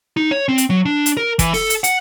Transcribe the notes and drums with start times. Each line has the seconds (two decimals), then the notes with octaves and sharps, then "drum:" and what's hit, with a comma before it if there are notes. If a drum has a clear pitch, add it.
0.17 D#4
0.31 C#5
0.49 C4
0.58 drum: hi-hat
0.70 F#3
0.86 D4
1.06 drum: hi-hat
1.17 A#4
1.39 E3, drum: kick, hi-hat
1.54 A4, drum: open hi-hat
1.70 drum: hi-hat
1.84 F#5, drum: hi-hat